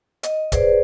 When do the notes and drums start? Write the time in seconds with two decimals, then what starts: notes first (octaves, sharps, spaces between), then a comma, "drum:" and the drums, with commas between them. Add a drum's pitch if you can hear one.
0.23 D#5, drum: hi-hat
0.52 G#4 B4 C5 D5, drum: kick, hi-hat